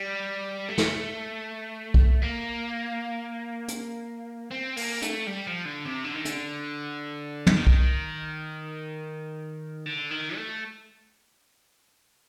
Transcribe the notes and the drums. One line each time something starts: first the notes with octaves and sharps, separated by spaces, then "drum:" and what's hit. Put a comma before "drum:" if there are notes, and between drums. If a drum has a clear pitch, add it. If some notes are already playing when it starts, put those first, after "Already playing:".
Already playing: G3
A3
drum: snare
drum: kick B1
A#3
drum: hi-hat
C4
A#3, drum: open hi-hat
A3, drum: hi-hat
G3
F3
D3
C3
D3
D#3
D3, drum: hi-hat
drum: tom
D#3
drum: kick B1
D3
D#3
A3